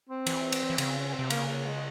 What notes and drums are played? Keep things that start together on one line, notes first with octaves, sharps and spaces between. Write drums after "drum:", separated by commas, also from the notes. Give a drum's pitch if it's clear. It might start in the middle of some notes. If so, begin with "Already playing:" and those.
C4
E3, drum: cymbal
drum: cymbal
E3
C#3 C4, drum: cymbal
C#4
C#4
C4
C3
C#3 A#3, drum: cymbal
A#3
G#3